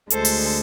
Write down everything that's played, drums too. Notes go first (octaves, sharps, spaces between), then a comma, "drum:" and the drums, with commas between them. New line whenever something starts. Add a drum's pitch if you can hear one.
D2 D3 G#3 A4 C5, drum: hi-hat
drum: open hi-hat